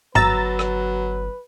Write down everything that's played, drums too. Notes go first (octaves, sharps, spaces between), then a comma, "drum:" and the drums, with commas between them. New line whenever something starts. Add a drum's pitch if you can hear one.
G1 F#3 B4 A#5 E6 A6, drum: tom G2
drum: rim click